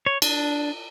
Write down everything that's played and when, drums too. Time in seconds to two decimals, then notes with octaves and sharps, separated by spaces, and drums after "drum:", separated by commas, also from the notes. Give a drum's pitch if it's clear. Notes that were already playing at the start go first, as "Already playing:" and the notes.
0.06 C#5
0.22 D4, drum: cymbal